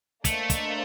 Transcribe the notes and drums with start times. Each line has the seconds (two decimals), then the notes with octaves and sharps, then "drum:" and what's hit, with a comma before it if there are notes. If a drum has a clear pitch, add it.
0.25 A3 A#3 D4 A4 C5 D#5, drum: kick, hi-hat
0.50 drum: kick, hi-hat